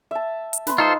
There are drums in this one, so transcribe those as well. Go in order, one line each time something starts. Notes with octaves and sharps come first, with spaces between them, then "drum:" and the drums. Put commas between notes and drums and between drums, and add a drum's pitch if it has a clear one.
E5 A5
drum: hi-hat
B4 C6, drum: snare
D#4 F4 A4 C5